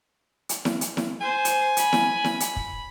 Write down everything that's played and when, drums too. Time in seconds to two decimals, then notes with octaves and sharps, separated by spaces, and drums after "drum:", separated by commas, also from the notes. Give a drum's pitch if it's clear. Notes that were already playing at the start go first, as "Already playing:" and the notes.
0.49 drum: hi-hat
0.65 drum: snare E4
0.81 drum: hi-hat
0.97 drum: snare E4
1.21 C5 G#5
1.45 drum: hi-hat
1.77 B5, drum: hi-hat
1.93 drum: snare E4
2.24 drum: snare E4
2.40 drum: hi-hat
2.56 drum: kick